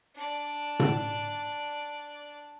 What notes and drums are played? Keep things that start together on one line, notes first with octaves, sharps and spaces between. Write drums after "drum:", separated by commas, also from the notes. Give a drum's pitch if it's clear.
D4 D5
drum: tom